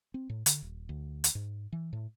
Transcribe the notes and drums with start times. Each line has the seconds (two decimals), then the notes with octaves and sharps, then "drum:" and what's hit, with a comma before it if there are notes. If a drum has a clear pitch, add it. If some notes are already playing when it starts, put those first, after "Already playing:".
0.14 C4
0.29 A2
0.46 D3, drum: hi-hat
0.62 D#1
0.89 D2
1.24 drum: hi-hat
1.35 G#2
1.72 E3
1.93 A2